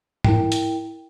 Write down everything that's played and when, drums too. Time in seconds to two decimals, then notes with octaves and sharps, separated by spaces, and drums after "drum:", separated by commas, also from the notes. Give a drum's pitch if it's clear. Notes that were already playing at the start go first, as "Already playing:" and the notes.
0.24 E4 A#4 G5, drum: tom G#2
0.52 drum: hi-hat